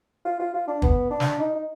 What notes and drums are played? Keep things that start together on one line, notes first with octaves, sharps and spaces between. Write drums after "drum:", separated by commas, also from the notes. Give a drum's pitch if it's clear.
F4
F4
F4
D4
B3, drum: kick
D4
drum: snare
D#4
D#4